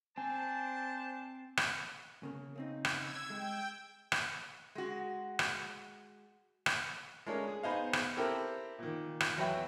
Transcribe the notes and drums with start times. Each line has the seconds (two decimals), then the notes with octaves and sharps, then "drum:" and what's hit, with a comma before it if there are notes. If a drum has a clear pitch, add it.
0.18 C4 D4 C5 G#5 A5
1.57 drum: rim click
2.23 C#3 A#3
2.56 C#3 C4 D#4
2.85 drum: rim click
2.94 E6 G#6
3.30 G#3 G5
4.12 drum: rim click
4.75 G#3 F#4
5.39 drum: rim click
6.66 drum: rim click
7.26 G#3 A3 C#4 D4 A#4
7.47 G#4
7.63 B3 D#4 G#4 C5 D#5 F5
7.93 drum: rim click
8.17 C4 E4 G4 A4 A#4 C5
8.79 A#2 D#3
9.20 drum: rim click
9.37 E2 F#3 F#4 B4 E5 G5